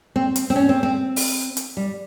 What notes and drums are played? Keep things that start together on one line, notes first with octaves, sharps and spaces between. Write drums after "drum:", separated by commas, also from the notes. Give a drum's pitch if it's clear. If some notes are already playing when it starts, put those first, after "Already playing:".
C4
drum: hi-hat
C4
C#4
C4
C4
drum: open hi-hat
drum: hi-hat
G3